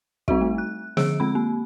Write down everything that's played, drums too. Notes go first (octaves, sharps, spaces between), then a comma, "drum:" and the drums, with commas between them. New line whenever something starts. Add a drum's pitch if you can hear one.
G3 C4 D#4 F#4 E5, drum: kick
A3
F#6
D3 F3 G#4 E6 D7, drum: snare
G#3 C4 B5
A#3